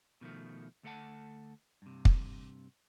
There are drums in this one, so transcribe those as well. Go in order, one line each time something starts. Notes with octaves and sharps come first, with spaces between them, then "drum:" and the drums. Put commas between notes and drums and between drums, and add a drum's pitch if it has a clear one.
B2 D#3 F3 A3
D2 A3 A4 D5 F#5 A5
G2 C3
drum: kick